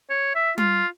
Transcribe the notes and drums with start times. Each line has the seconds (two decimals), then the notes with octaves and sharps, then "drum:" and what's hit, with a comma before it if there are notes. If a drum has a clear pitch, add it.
0.10 C#5
0.35 E5
0.58 F4, drum: tom G3